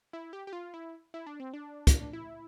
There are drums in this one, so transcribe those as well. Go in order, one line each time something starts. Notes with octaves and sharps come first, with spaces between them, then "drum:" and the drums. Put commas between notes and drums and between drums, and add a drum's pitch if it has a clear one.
E4
G4
G4
F4
E4
E4
D4
C4
D4
drum: kick, hi-hat
E4